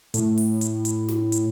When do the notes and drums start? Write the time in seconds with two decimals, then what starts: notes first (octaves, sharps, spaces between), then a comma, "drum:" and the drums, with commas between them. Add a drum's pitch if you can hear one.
0.14 A2, drum: hi-hat
0.38 drum: open hi-hat
0.61 drum: hi-hat
0.85 drum: hi-hat
1.08 drum: snare
1.32 drum: hi-hat